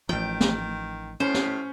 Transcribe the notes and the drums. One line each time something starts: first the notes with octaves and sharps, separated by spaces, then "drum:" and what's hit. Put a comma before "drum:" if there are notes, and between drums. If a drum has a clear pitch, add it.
A1 D#3 F3 G5
drum: snare
A2 C#4 C5
drum: snare